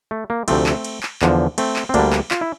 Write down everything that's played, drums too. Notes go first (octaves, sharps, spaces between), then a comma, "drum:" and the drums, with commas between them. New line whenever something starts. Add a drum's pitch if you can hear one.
A3
A#3
D2 C3 F3 A3 C4, drum: cymbal
drum: clap
drum: cymbal
drum: clap
E2 D3 F3, drum: clap
A3 C4, drum: cymbal
drum: clap
C4
D2 D3 G3 A#3 D4, drum: cymbal
drum: clap
F4, drum: clap
E4